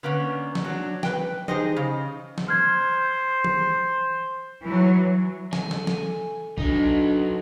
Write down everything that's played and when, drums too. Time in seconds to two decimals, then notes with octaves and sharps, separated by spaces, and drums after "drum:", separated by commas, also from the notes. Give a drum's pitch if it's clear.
0.03 D3 A#3 B3 C#4
0.55 drum: snare
0.65 F#3 D4
1.03 B4 G5, drum: snare
1.48 D#4 G4 G#4 C5 D#5, drum: tom E3
1.77 C#3
2.38 drum: snare
2.48 C5 F6 G#6
3.44 drum: tom E3
4.63 E3 F#3
5.53 A3 G#5, drum: snare
5.71 drum: snare
5.87 drum: snare
6.58 F#3 A3 D4 D#4, drum: kick A#1